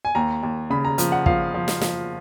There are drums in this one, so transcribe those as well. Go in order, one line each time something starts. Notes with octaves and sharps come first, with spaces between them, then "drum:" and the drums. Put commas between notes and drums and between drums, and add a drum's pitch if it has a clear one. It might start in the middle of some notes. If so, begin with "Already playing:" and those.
G#5
D#2 A#5
D#2
C#3 B5
A#5
F3, drum: hi-hat
F#5
F3 F5, drum: kick
F3
drum: snare
F3, drum: snare